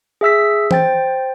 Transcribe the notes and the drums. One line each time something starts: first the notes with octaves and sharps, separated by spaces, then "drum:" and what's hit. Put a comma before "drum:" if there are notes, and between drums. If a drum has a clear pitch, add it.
G#4 E5 E6 B6
C5 G5 A6, drum: tom E3